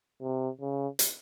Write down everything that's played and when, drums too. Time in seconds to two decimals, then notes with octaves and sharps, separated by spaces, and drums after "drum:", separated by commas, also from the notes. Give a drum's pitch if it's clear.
0.22 C3
0.61 C#3
0.99 drum: hi-hat